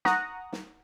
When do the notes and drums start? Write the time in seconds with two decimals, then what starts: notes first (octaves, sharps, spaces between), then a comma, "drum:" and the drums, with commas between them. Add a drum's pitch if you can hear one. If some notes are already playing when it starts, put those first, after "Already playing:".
0.05 F#5 A#5 C#6 D#6 F#6 A#6, drum: snare
0.53 drum: snare